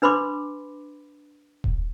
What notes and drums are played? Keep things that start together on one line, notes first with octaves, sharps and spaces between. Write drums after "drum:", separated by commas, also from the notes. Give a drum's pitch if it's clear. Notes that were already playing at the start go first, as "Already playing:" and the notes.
D4 B4 B5 C6 D6
drum: kick D#1